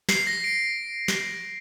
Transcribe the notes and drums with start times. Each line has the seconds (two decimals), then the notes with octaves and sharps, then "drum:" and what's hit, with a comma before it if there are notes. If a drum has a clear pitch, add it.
0.09 C7, drum: snare
0.27 A#6
0.44 D7
1.08 drum: snare